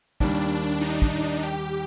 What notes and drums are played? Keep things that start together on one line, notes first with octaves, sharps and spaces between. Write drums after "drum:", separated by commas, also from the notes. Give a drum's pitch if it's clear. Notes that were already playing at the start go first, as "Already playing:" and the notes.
D#2 D#3 G3 D4, drum: kick
D#4
drum: kick
G4